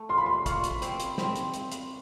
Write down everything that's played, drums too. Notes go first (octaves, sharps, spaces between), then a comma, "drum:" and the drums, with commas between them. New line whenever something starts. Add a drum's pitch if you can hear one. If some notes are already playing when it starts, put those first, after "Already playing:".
Already playing: A3
F4 C6
B5
C6
F4 C#6, drum: kick, hi-hat
drum: hi-hat
C4, drum: hi-hat
drum: hi-hat
C4, drum: snare
drum: hi-hat
drum: hi-hat
drum: hi-hat